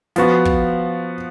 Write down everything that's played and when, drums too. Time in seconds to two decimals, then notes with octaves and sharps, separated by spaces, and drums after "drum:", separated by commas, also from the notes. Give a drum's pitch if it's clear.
0.16 F3 B3 F#4, drum: snare
0.45 drum: kick